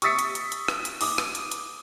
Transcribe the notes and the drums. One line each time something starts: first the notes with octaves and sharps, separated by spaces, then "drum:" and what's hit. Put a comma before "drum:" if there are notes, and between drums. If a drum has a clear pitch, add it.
C#6 D#6 E6 A6 B6 C#7, drum: hi-hat
drum: hi-hat
drum: hi-hat
drum: hi-hat
drum: rim click
drum: hi-hat
D6 D#6, drum: open hi-hat
drum: rim click
drum: hi-hat
drum: hi-hat